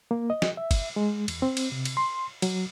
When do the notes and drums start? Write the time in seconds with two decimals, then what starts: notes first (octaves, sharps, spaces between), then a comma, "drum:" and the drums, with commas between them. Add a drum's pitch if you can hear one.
0.11 A#3
0.30 D#5
0.42 drum: snare
0.57 E5
0.71 drum: kick, cymbal
0.96 G#3
1.28 E2, drum: cymbal
1.42 C4
1.57 drum: cymbal
1.72 C3
1.85 drum: cymbal
1.97 C6
2.42 F#3, drum: cymbal